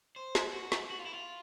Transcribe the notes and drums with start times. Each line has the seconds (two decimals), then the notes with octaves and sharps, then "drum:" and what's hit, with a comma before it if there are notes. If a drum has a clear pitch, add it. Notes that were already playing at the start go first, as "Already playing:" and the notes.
0.16 C5
0.35 drum: snare
0.53 F#4
0.72 drum: snare
0.90 F#4
0.99 F4
1.06 E4
1.14 F4